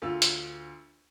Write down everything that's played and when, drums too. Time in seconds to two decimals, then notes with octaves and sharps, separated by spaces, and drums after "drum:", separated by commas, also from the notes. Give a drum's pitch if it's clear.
0.02 D2 F4 E6
0.22 drum: hi-hat